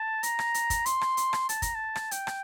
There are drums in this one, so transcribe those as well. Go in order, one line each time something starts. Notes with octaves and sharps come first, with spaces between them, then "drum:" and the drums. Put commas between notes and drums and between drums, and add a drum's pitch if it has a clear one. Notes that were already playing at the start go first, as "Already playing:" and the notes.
Already playing: A5
A#5, drum: hi-hat
drum: rim click
drum: hi-hat
drum: kick, hi-hat
C6, drum: hi-hat
drum: rim click
drum: hi-hat
drum: rim click
A5, drum: hi-hat
A#5, drum: kick, hi-hat
A5
drum: rim click
G5, drum: hi-hat
drum: rim click